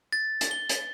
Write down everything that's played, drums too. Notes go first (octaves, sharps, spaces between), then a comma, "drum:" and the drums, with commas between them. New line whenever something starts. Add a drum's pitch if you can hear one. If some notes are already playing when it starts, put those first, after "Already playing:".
A6
drum: hi-hat
G7
drum: hi-hat